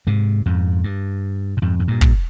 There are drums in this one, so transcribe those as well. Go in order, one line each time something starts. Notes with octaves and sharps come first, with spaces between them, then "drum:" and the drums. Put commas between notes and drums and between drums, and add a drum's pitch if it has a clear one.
G#2 C3
F2 G#2
G2
A#2
F2 G#2
G#2
G2 A#2
drum: kick